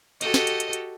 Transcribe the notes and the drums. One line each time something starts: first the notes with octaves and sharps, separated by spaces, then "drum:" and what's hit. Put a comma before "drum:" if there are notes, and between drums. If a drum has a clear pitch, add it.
F#4 G4 A4 D#5, drum: hi-hat
drum: snare
drum: hi-hat
drum: hi-hat
drum: hi-hat